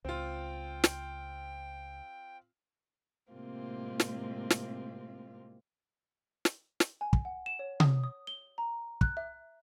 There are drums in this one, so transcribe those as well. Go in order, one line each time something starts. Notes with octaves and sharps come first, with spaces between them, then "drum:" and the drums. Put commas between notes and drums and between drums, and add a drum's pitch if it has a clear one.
C#2 C4 F4 G5
drum: snare
A2 C3 G#3 A#3 C4 F4
drum: snare
drum: snare
drum: snare
drum: snare
G#5
drum: kick
F#5
E7
C#5
D#6, drum: tom C3
D#6
G7
A#5
F#6, drum: kick
E5